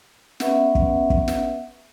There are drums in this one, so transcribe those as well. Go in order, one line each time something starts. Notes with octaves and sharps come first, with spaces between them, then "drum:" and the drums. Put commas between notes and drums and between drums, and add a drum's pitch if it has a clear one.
B3 C#4 B4 E5 F#5, drum: snare
drum: kick
drum: kick
drum: snare